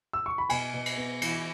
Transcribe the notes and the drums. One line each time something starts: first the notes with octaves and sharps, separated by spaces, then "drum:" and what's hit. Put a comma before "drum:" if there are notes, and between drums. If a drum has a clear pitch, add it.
E6
C#6
B5
B2 G#5, drum: cymbal
B2
drum: cymbal
B3
E3, drum: cymbal